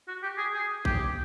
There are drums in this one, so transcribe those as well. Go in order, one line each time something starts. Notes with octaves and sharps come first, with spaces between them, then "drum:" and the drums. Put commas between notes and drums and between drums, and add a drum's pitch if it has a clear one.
F#4
G4
G#4
G#4
G4, drum: kick